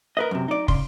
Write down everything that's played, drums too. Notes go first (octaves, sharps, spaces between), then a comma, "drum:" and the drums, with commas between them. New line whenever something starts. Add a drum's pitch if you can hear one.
A#4 B4 D#5
F#2 C3
D#4 D5
C#3 C6, drum: kick